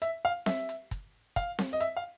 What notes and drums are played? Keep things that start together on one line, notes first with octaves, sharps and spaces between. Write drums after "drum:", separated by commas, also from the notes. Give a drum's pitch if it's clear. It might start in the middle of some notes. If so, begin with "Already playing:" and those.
E5, drum: hi-hat
F5
E5, drum: snare C4
drum: hi-hat
drum: kick, hi-hat
F5, drum: kick, hi-hat
drum: snare C4
D#5
E5, drum: hi-hat
F5